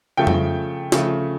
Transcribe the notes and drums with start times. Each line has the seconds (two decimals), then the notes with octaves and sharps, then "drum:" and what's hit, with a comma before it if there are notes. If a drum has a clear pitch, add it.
0.17 C#3 F3 A3 G5
0.27 drum: tom
0.92 C#3 F3 A3, drum: snare